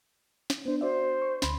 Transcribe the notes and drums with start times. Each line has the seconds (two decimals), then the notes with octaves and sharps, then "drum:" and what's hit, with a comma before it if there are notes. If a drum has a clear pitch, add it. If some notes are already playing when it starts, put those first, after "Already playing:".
0.50 drum: snare
0.66 B3 D4 C5
0.81 F#4 C5 D5 E5
1.22 C#6
1.42 D2 B5 C6, drum: snare